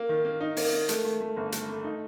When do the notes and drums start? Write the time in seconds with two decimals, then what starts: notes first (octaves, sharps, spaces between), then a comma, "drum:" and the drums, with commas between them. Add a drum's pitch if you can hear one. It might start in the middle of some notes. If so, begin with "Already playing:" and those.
Already playing: A#3
0.09 D#3
0.25 A#3
0.41 D#4
0.57 A#3, drum: open hi-hat
0.73 A#3
0.89 A3, drum: hi-hat
1.05 A3
1.21 A3
1.36 G1
1.52 A3, drum: hi-hat
1.68 A3
1.84 D#4